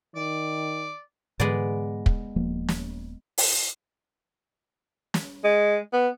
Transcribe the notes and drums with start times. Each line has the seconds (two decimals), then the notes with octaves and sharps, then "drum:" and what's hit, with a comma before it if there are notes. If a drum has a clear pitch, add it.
0.15 D#3 D5
1.40 G#2 D3 E3 G#3 B3 D5
2.06 drum: kick
2.36 D#1 F3 A#3
2.68 drum: snare
3.38 drum: open hi-hat
5.14 drum: snare
5.44 G#3
5.93 B3